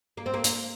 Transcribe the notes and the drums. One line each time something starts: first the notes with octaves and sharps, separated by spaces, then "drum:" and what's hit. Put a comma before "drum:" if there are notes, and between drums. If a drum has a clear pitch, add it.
A#3
C4
A#3
A#3, drum: hi-hat